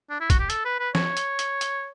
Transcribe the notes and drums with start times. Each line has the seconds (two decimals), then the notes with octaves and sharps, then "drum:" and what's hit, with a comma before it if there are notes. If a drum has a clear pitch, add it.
0.10 D4
0.20 E4
0.30 F#4, drum: kick, hi-hat
0.40 G4
0.50 A4, drum: hi-hat
0.65 B4
0.79 B4
0.95 C#5, drum: snare
1.17 drum: hi-hat
1.39 drum: hi-hat
1.61 drum: hi-hat